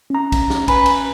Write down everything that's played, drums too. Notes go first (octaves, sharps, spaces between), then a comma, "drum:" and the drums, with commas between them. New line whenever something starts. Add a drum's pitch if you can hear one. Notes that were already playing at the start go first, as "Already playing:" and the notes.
C#4 A#5
drum: kick B1, cymbal
drum: snare
B4 G#5 B5, drum: kick B1, cymbal
drum: cymbal